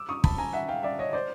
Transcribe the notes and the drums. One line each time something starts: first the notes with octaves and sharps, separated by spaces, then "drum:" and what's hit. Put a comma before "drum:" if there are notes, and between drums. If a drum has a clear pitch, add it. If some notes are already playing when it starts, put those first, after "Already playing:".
Already playing: D6 E6
C#6 D#6
A5 B5, drum: kick
G#5 A#5
E5 F#5
F5 G5
D5 E5
C#5 D#5
C5 D5